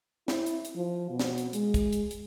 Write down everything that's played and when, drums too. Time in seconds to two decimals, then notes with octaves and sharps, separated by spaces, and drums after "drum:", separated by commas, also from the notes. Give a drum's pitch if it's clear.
0.28 E4, drum: snare
0.46 drum: hi-hat
0.65 drum: hi-hat
0.76 F3
1.10 B2
1.19 drum: snare
1.38 drum: hi-hat
1.53 G#3, drum: hi-hat
1.74 drum: kick, hi-hat
1.93 drum: hi-hat
2.11 drum: hi-hat